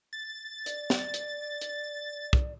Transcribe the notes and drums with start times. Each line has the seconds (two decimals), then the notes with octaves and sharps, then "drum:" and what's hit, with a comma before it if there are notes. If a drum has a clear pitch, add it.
0.13 A6
0.66 D5, drum: hi-hat
0.90 drum: snare
1.14 drum: hi-hat
1.61 drum: hi-hat
2.33 drum: kick